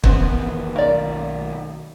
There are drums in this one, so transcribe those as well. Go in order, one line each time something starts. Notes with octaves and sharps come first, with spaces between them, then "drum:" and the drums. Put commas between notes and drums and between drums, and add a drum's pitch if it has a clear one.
E2 D#3 B3 C4, drum: kick
B1 D#3 A#3 D5